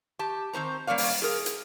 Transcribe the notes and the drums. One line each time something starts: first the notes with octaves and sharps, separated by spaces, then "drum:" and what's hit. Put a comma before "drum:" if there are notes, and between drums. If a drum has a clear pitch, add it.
G4 A5
D#3 C4 C5 A#5
G3 A#3 C#4 D5 F5
drum: open hi-hat
G#4 A#4
drum: hi-hat